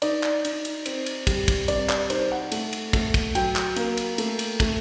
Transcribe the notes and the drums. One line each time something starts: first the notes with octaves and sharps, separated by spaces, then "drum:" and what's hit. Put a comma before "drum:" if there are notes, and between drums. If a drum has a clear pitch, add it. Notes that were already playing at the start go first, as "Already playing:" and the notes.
D#4 D5, drum: cymbal
drum: clap
D#4, drum: cymbal
drum: cymbal
C4, drum: cymbal
drum: cymbal
G3, drum: kick, cymbal
drum: kick, cymbal
C3 D5, drum: cymbal
D5, drum: clap
D#4 C5, drum: cymbal
F#5
A3, drum: cymbal
drum: cymbal
A3, drum: kick, cymbal
drum: kick, cymbal
F#3 G5, drum: cymbal
drum: clap
A#3, drum: cymbal
drum: cymbal
A3, drum: cymbal
drum: cymbal
A3, drum: kick, cymbal